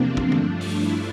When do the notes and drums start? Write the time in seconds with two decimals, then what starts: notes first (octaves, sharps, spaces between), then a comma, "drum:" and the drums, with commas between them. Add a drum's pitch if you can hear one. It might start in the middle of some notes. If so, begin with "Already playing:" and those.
Already playing: E2 C3 F3 A#3 C4 D4
0.17 drum: kick
0.32 G2 F3 A3 D4, drum: tom
0.61 drum: open hi-hat
0.79 E4